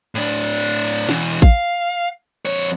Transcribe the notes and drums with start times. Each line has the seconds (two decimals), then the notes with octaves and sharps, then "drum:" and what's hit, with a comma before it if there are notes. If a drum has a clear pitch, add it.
0.15 A2 D4
1.09 B2 E3, drum: snare
1.42 F5, drum: kick A1
2.45 F2 C#5